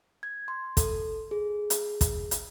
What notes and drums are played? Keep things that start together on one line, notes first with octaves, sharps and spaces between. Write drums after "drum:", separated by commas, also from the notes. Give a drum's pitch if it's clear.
G#6
C6
A4, drum: kick, hi-hat
G#4
drum: hi-hat
drum: kick, hi-hat
drum: hi-hat